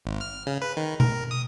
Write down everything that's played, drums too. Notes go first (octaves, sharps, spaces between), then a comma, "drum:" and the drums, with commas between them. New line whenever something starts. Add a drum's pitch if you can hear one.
G#1
F6
C#3
B4
D#3
A#4, drum: tom B2
D#6